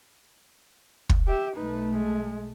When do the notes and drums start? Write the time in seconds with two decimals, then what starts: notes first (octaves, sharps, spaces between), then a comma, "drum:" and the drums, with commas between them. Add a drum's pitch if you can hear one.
1.10 drum: kick
1.27 G4 E5
1.56 B1 A3 D#4 B4
1.92 G#3